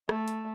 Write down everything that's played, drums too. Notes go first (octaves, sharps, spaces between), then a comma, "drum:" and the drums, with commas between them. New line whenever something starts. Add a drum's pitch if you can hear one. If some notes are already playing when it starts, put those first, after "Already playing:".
A3, drum: rim click
drum: hi-hat